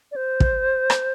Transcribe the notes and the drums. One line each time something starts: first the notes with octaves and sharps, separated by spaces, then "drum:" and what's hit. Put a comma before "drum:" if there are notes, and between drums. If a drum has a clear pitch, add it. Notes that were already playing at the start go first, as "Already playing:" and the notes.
D5
C5
drum: kick
drum: rim click